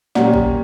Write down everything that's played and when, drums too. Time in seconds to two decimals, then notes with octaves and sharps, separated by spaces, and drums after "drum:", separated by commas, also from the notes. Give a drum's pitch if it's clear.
0.15 A#2 F#3 C#4 G4 D5 F#5, drum: snare
0.34 drum: kick A1